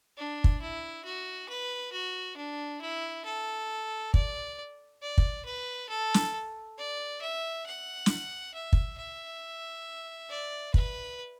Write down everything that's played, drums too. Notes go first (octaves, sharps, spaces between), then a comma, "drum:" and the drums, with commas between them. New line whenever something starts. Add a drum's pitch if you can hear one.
D4
drum: kick
E4
F#4
B4
F#4
D4
E4
A4
D5, drum: kick
D5
drum: kick
B4
A4
drum: snare
D5
E5
F#5
drum: snare
E5
drum: kick
E5
D5
B4, drum: kick